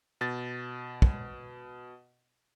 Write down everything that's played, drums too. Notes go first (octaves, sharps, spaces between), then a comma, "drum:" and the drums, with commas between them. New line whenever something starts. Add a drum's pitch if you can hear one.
B2 A6
drum: kick